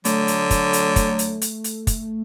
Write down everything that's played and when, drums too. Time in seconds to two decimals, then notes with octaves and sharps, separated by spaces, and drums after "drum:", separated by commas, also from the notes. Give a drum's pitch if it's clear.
0.05 D3 F#3 A3, drum: hi-hat
0.28 drum: hi-hat
0.50 drum: kick, hi-hat
0.73 drum: hi-hat
0.96 drum: kick, hi-hat
1.19 drum: hi-hat
1.42 drum: hi-hat
1.64 drum: hi-hat
1.87 drum: kick, hi-hat